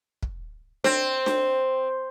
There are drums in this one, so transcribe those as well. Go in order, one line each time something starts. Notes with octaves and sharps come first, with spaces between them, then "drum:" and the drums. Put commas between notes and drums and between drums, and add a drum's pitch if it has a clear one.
drum: kick
C4, drum: snare D4
drum: snare D4